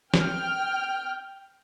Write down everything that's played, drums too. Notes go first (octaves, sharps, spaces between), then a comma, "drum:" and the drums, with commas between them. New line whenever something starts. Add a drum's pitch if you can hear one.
G5 F6, drum: snare